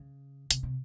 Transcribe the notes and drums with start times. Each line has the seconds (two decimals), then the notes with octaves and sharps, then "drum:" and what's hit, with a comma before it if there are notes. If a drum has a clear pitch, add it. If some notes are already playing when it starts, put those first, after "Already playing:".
Already playing: C#3
0.51 C3, drum: hi-hat
0.63 C3